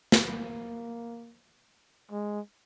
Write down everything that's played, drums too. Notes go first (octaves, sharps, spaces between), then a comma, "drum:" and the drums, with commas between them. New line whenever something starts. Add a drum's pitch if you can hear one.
drum: snare
A#3
G#3